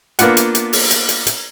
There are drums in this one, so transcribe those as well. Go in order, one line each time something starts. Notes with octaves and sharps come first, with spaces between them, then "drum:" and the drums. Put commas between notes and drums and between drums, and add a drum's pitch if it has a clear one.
A#3 B3 D4 F4 F#5, drum: hi-hat
drum: hi-hat
drum: hi-hat
drum: open hi-hat
drum: hi-hat
drum: hi-hat
drum: hi-hat